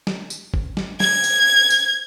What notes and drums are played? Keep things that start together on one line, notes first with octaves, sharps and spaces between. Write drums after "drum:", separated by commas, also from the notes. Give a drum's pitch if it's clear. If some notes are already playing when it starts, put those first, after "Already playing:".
drum: snare
drum: tambourine
drum: kick G#1
drum: snare
G#6, drum: snare
drum: tambourine
drum: tambourine